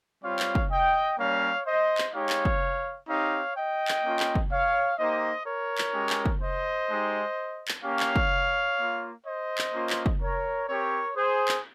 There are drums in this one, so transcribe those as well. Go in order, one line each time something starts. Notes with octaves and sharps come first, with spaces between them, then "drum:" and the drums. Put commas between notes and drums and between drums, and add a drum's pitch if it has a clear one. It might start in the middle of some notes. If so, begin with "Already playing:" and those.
G3 C4 F4 C#5 F5
drum: clap
drum: kick
D#5 G5
G3 A#3 C#4 C#5 F5
C5 D#5
drum: clap
G#3 D#4 G4 C#5 F5
drum: clap
drum: kick
C4 D#4 G4 C#5 F5
D#5 G5
drum: clap
A#3 C#4 F4
drum: clap
drum: kick
C#5 F5
A#3 D#4 G4 C5 D#5
A#4 C#5
drum: clap
G#3 C#4 G4
drum: clap
drum: kick
C5 D#5
G#3 D#4 G4
drum: clap
A#3 C#4 G4 C#5 F5
drum: clap
drum: kick
A#3 F4
C5 D#5
drum: clap
A#3 C#4 F4
drum: clap
drum: kick
A#4 C#5
C4 G4 A#4 C#5
G#4 C5
drum: clap